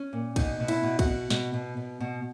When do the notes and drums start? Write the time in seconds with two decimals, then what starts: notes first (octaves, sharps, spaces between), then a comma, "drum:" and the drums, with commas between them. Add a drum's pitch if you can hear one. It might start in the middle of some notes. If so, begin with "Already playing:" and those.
Already playing: C#4
0.13 A#2
0.36 B2 D#4, drum: kick, cymbal
0.60 B2
0.68 E4, drum: cymbal
0.84 B2
0.99 F#4, drum: kick, cymbal
1.07 B2
1.30 B2, drum: snare
1.54 B2
1.77 B2
2.00 B2